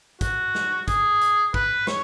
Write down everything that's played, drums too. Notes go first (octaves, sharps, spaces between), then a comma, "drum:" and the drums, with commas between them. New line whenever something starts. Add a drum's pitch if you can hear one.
F#4, drum: kick, hi-hat
drum: snare
G#4, drum: kick, hi-hat
drum: hi-hat
B4, drum: kick
C#5, drum: snare